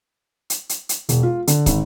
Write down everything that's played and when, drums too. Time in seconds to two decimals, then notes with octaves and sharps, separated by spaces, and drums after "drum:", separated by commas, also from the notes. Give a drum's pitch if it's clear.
0.50 drum: hi-hat
0.69 drum: hi-hat
0.89 drum: hi-hat
1.09 E1, drum: hi-hat
1.23 F4
1.47 D3, drum: hi-hat
1.66 G#1, drum: kick, hi-hat